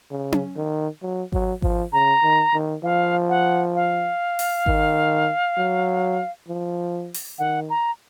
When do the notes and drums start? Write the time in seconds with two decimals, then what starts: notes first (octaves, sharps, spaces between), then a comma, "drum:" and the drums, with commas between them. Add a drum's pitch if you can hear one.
0.11 C#3
0.32 drum: tom C#4
0.56 D#3
1.02 F#3
1.32 F#3, drum: kick G#1
1.62 F3, drum: kick G#1
1.93 C#3 A#5
2.23 D#3
2.54 D#3
2.84 F3 F5
3.29 F#5
3.75 F5
4.39 drum: open hi-hat
4.66 D#3, drum: kick G#1
5.57 F#3
6.48 F3
7.14 drum: open hi-hat
7.39 D#3 F#5
7.70 A#5